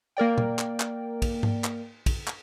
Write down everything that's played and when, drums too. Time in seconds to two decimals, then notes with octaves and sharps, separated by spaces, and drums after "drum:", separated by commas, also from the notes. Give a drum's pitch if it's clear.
0.17 A#3 A#4 D5 G5
0.38 drum: tom A#2
0.59 drum: clap
0.80 drum: clap
1.22 drum: kick, cymbal
1.43 drum: tom G#2
1.64 drum: clap
2.06 drum: kick, cymbal
2.27 drum: clap